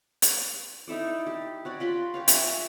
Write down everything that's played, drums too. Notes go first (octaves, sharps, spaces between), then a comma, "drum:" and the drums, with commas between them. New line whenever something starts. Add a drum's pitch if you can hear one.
drum: hi-hat
D#4 E4 A4 D5
G4
F#4 C#5 D5
F4 B5 C6
G4 C#5 F5
E5 G5 G#5 A#5, drum: hi-hat